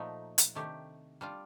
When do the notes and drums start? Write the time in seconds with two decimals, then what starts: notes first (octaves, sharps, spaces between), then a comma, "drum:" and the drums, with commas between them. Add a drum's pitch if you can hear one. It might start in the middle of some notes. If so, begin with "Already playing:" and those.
Already playing: A#2 F3 A3 D#4
0.38 drum: hi-hat
0.55 C3 D#3 A3 D4 G4
1.21 G3 D4 F4